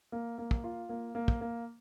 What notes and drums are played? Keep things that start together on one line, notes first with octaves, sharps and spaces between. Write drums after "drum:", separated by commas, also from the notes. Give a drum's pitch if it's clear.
A#3
A#3
drum: kick
F4
A#3
A#3
drum: kick
A#3